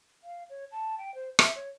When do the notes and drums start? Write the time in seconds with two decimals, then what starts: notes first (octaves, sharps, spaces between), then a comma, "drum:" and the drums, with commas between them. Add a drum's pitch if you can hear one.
0.24 F5
0.50 C#5
0.72 A5
0.98 G5
1.15 C5
1.39 E5, drum: rim click
1.56 C#5